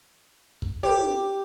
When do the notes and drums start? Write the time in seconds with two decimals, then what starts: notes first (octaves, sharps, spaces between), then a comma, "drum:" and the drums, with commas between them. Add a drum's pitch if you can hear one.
0.62 drum: kick
0.83 G4, drum: tom